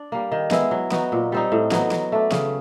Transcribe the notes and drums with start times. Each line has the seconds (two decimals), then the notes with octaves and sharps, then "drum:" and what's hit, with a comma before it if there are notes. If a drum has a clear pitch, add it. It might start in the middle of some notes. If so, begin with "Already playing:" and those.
Already playing: D4
0.12 G3 A#3
0.32 D#3
0.51 G#3 B3 E4, drum: snare
0.71 F#3
0.92 B3 D#4 F#4, drum: snare
1.12 A#2
1.32 G3 C4 D#4
1.52 A2
1.72 F#3 B3 D#4, drum: snare
1.91 F#3, drum: snare
2.12 A3 D4
2.32 C#3, drum: snare